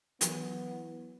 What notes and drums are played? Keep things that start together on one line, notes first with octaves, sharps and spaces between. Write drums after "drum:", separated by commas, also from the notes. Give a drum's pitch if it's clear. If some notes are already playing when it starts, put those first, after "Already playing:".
E3 F#3 B3 E4, drum: hi-hat